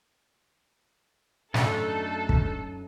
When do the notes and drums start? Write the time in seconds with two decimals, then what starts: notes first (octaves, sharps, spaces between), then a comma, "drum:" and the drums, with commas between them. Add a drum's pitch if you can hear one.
1.54 F#2 F#3 A3 D4 D#4 A4, drum: snare
2.29 drum: kick